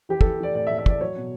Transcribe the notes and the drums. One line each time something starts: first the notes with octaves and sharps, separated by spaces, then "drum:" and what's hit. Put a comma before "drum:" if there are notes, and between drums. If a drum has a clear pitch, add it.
E3 G4
A4, drum: kick
E3
E3 D5
A2 D5
E5
A2
E5
E3 D5, drum: kick
F#3 C#5
B2